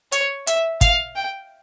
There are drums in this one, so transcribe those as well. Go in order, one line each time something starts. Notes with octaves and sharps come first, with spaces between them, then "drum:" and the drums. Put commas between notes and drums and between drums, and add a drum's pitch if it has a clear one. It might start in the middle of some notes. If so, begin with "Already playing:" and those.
C#5, drum: hi-hat
E5, drum: hi-hat
F5, drum: kick, hi-hat
G5